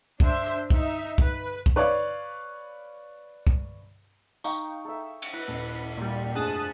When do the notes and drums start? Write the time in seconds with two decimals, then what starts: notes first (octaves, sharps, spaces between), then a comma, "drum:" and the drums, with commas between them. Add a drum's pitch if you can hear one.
0.20 D4 C5 E5, drum: kick
0.70 D#4 E5, drum: kick
1.18 B4, drum: kick
1.66 drum: kick
1.76 B4 C#5 D5 F5
3.47 drum: kick
4.44 D#4 F5 G5 C#6, drum: tambourine
4.85 A4 E5
5.22 drum: cymbal
5.33 E4 B4
5.48 D#1
5.97 A#2 G3
6.35 F1 G2 F3 G#4 A5 D#6 F#6